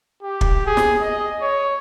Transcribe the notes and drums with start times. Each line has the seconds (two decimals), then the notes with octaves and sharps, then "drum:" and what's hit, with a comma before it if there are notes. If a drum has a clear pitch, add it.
0.23 G4
0.41 drum: kick
0.67 G#4
0.77 drum: snare
1.02 D#5
1.42 C#5